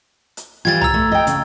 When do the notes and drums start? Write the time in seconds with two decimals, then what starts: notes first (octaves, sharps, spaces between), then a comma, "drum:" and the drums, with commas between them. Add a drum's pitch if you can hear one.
0.37 drum: hi-hat
0.65 E3 G3 F4 G#6 A6
0.81 A#5 E6, drum: tom
0.94 A3
1.12 D#5 G5
1.27 C#3, drum: hi-hat